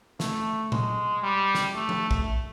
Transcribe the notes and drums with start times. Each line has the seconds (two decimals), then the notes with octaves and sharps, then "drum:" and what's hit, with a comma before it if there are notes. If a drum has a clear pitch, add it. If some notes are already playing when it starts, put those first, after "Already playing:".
0.20 A3, drum: snare
0.72 G#3, drum: tom A#2
1.23 G3
1.55 drum: snare
1.75 A3
1.89 drum: tom F3
2.11 drum: kick